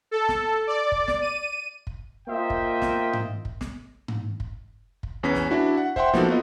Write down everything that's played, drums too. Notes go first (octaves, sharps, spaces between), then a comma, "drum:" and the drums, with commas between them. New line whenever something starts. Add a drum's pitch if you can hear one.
A4
drum: snare
D5
drum: kick
drum: snare
D#7
drum: kick
A#3 F4 C5 D#5 E5 G5
drum: kick
drum: snare
drum: tom G#2
drum: kick
drum: snare
drum: tom G#2
drum: kick
drum: kick
E2 C#4 B4 B6
drum: snare
D4 E4 F#4
F#5
C5 E5 F#5 G5 C6, drum: kick
F3 A#3 B3 D#4 F#4 A4, drum: snare
B3 F4 D#5